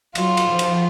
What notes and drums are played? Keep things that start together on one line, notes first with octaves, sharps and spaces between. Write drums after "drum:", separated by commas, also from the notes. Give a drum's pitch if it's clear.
F#3 F4, drum: cymbal
drum: cymbal
F3
drum: cymbal